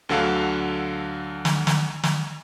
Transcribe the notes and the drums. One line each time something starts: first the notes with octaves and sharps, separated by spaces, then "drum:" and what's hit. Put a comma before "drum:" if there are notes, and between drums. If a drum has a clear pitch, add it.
D2 D3 F#3 A4 F5
drum: snare
drum: snare
drum: snare